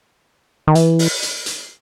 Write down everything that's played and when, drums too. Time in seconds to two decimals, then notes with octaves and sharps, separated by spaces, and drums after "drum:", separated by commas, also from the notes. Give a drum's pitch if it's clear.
0.67 D#3
0.75 E3, drum: hi-hat
0.99 drum: open hi-hat
1.23 drum: hi-hat
1.46 drum: hi-hat